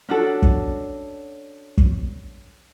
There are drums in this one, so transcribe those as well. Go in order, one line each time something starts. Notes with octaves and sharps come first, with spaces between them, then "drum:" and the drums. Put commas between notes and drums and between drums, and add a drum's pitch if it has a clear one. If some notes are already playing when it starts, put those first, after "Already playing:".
C#4 D4 F#4 A4
drum: kick
drum: kick